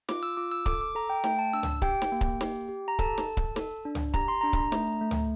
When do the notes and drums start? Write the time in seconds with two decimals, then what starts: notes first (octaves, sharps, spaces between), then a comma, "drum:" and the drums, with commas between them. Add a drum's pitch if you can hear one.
0.09 F4 D6, drum: snare
0.23 E6
0.37 F4 D6
0.52 E6
0.66 A4 D6, drum: kick C#1
0.81 D6
0.95 A4 A#5
1.10 G5
1.24 A3 G5, drum: snare
1.39 A5
1.53 D4 E6
1.63 drum: tom C#2
1.82 G4 G5, drum: kick C#1
2.02 drum: snare
2.12 A#3
2.21 drum: kick C#1
2.41 G4, drum: snare
2.69 G4
2.88 A#5
2.99 A4 A5, drum: kick C#1
3.18 drum: snare
3.27 A4
3.37 drum: kick C#1
3.56 A4, drum: snare
3.85 D4
3.95 drum: tom C#2
4.14 G4 A#5, drum: kick C#1
4.28 C6
4.41 D4 A#5
4.53 drum: kick C#1
4.72 A3, drum: snare
5.01 A3
5.11 drum: tom C#2